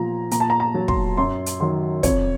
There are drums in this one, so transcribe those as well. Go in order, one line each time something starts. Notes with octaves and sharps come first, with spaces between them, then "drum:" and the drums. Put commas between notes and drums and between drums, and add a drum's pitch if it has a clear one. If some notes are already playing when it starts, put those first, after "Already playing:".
Already playing: A#2 F3 A#5
A#2 A#5, drum: hi-hat
A5
A#5
A#5
F#3
C6, drum: kick
F#2 C6
drum: hi-hat
D#3 F#3 C6
F2 C#5, drum: kick, hi-hat